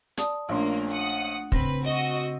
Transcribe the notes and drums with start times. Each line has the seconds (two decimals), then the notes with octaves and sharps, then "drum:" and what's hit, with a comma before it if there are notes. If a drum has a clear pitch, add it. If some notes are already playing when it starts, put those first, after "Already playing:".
0.17 D5 A5 D#6, drum: hi-hat
0.49 A#1 A3 A#3 C#4 D4 C6
0.91 F#5 D#6
1.52 C#3 C4 B4 A#6, drum: kick
1.85 F#4 D#5